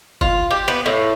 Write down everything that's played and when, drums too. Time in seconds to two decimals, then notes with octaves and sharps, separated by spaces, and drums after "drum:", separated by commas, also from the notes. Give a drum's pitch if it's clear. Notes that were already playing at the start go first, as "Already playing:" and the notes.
0.21 F4, drum: kick F#1
0.51 G4
0.68 B3
0.86 A2